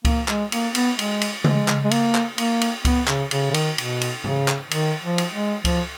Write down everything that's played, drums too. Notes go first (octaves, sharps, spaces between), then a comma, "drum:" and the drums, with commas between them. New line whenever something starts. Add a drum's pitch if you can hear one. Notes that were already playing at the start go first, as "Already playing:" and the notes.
A#3, drum: kick C#2, cymbal
G#3, drum: clap
A#3, drum: cymbal
B3, drum: cymbal
G#3, drum: cymbal
drum: cymbal
G#3, drum: tom C#3
drum: clap
G#3
A#3, drum: cymbal
drum: clap
A#3, drum: cymbal
drum: cymbal
B3, drum: kick C#2, cymbal
C#3, drum: clap
C#3, drum: cymbal
C#3
D#3, drum: cymbal
B2, drum: cymbal
drum: cymbal
C#3, drum: tom G#2
drum: clap
D#3, drum: cymbal
F3
drum: cymbal
G#3
F3, drum: kick C#2, cymbal